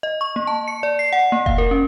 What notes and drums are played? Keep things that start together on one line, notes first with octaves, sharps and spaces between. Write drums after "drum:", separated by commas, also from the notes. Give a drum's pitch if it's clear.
D#5
C#6
A#3
A5
C#7
D5
C7
F#5
A#3
F5, drum: kick F1
A#4
C#4